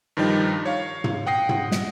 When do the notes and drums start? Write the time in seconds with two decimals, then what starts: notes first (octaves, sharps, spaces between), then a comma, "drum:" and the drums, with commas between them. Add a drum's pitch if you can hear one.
0.17 G2 D#3 F3 G3 D#4
0.65 C#5 F5
1.04 drum: tom
1.27 F#5 G5 D#6 A#6 C7
1.49 drum: tom
1.72 drum: snare